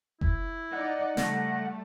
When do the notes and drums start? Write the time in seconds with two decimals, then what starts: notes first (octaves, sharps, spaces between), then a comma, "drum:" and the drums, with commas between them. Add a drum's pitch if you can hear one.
0.21 E4, drum: kick F#1
0.73 D#4 D5 D#5 F#5
1.17 C#3 G3 A3 A#5, drum: snare